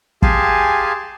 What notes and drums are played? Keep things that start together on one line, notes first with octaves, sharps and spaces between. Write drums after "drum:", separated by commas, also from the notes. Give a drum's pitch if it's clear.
G4 G#4 F5 G#5 A5 C6, drum: kick